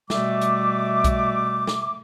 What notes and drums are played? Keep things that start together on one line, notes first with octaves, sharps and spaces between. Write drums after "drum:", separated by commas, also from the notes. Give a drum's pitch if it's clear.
B2 G3 A3 E5 D6, drum: snare
drum: hi-hat
drum: kick B1, hi-hat
drum: snare